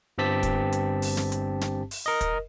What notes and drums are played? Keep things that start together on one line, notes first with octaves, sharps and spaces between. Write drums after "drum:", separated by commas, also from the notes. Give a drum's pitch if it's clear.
G1 G2 C4 G4 A5 B6
drum: kick, hi-hat
drum: hi-hat
drum: open hi-hat
drum: snare
drum: hi-hat
drum: snare
drum: open hi-hat
A#4 D#5
drum: kick, hi-hat